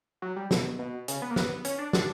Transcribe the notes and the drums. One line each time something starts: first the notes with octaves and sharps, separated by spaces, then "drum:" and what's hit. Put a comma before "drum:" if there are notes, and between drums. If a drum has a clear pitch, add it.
F#3
G3
B2, drum: snare
B2
C#3, drum: hi-hat
B3
A#3
B3, drum: snare
C#4, drum: hi-hat
D4
D4, drum: snare